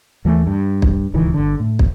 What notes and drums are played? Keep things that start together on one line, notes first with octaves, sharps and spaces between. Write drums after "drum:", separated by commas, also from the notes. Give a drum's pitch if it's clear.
D#2 E3 F3 A3
G2
drum: kick
D1 C#2 D#3 E3
G1 D3
A2
drum: kick